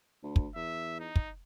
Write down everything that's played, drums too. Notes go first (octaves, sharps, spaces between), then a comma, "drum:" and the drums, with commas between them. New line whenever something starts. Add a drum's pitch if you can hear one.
D2
drum: kick
E2 E5
D#4
drum: kick